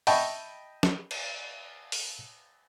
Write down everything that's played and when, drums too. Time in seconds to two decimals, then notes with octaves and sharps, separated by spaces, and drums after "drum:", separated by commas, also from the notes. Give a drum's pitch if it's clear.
0.07 D#5 E5 G5 A5 B5 C#6, drum: open hi-hat
0.83 drum: snare
1.11 drum: cymbal
1.92 drum: open hi-hat